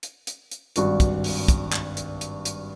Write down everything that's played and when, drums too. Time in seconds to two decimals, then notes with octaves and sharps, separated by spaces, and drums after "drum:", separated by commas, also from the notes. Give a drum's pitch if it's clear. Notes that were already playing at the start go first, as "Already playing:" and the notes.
0.03 drum: hi-hat
0.27 drum: hi-hat
0.51 drum: hi-hat
0.76 G#1 G2 F#4 D5, drum: hi-hat
1.00 drum: kick, hi-hat
1.24 drum: open hi-hat
1.48 drum: kick, hi-hat
1.73 drum: clap
1.97 drum: hi-hat
2.21 drum: hi-hat
2.45 drum: hi-hat